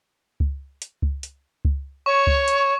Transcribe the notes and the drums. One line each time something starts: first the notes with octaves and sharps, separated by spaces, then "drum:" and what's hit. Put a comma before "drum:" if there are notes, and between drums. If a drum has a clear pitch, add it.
drum: kick C#2
drum: hi-hat
drum: kick C#2
drum: hi-hat
drum: kick C#2
C#5 C#6
drum: kick C#2
drum: hi-hat